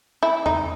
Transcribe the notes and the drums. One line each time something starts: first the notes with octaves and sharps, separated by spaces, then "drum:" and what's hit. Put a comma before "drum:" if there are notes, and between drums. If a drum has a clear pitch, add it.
E4
D#4, drum: tom E2